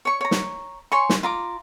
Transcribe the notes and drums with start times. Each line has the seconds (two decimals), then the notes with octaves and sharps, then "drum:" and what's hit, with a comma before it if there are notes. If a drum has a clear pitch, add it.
0.05 C#5 C#6
0.21 C#5 A#5
0.31 drum: snare
0.92 C#5 G#5 C6 C#6
1.09 drum: snare
1.23 F4 A#5 D6